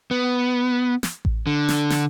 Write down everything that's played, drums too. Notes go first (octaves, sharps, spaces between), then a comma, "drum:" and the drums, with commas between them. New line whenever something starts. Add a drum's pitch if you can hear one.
B3
drum: snare
drum: kick A1
D3
drum: snare
drum: snare